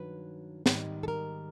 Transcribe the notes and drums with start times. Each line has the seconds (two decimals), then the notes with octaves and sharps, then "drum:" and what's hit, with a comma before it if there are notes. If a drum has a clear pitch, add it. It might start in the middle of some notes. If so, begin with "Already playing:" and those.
Already playing: G2 D#3 F#3 B4
0.66 G#2 D#3 G3, drum: snare
1.03 A4
1.08 A#4